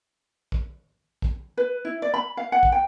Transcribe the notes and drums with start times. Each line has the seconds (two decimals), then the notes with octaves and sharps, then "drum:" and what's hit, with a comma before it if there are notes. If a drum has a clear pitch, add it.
0.52 drum: kick
1.22 drum: kick
1.57 B4
1.85 E4
2.02 D5
2.14 B5
2.37 F5
2.52 F#5
2.63 drum: kick
2.72 G5